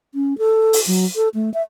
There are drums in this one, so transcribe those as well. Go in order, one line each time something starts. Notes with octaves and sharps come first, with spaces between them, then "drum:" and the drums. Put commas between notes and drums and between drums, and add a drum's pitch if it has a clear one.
C#4
A4
drum: open hi-hat
F#3
A4
A3
E5